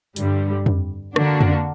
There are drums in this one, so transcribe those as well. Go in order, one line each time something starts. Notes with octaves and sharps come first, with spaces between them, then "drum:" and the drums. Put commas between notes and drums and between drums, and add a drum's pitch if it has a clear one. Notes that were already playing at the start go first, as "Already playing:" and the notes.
G2 D3 G3, drum: hi-hat
drum: tom F2
D3 A#3 D4 F#4, drum: rim click
drum: tom F2